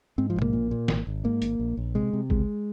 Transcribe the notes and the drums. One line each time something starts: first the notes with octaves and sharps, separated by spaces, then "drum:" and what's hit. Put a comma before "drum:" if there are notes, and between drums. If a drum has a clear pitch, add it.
G#2 C4
F3
A#1
A#3, drum: tom B2
A#2
A#2
G#1, drum: snare
G#1
G#2 A#3
G#1, drum: hi-hat
A#1
A#1
C3 G#3
C3
C#2 G#3, drum: kick G#1